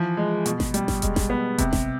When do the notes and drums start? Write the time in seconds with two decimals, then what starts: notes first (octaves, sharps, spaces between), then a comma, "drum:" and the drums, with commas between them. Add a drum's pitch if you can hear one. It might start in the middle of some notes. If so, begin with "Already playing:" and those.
Already playing: E3 F3
0.17 G#3
0.46 B2, drum: hi-hat
0.60 drum: snare G#1
0.74 G3, drum: hi-hat
0.88 drum: snare G#1
1.02 G#3, drum: kick E1, hi-hat
1.16 drum: snare G#1
1.30 B3
1.58 C3, drum: kick E1, hi-hat
1.73 drum: snare G#1